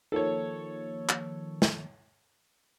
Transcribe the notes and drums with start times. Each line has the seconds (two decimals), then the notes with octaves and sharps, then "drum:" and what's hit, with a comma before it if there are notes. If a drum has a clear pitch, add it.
0.12 D#3 F3 A#3 A4 C#5
1.09 drum: clap
1.62 drum: snare